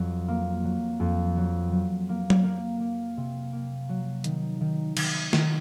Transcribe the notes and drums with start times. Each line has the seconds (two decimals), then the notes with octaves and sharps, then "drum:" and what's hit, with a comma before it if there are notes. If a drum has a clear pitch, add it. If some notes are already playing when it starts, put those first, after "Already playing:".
Already playing: F2 F#3
0.28 A#3
0.64 F#3
1.00 F2
1.37 F#3
1.72 F#3
2.09 A#3
2.30 drum: tom F#3
2.44 A#3
2.80 A#3
3.17 C3
3.52 A#3
3.89 F#3
4.24 D#3, drum: hi-hat
4.61 D#3
4.97 D#3, drum: cymbal
5.33 D#3, drum: snare